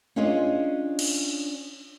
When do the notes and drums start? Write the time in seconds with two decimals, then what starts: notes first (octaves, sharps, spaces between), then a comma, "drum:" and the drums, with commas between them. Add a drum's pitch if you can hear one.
0.16 C#4 D4 F4 G#4 C#5 D#5
0.99 drum: cymbal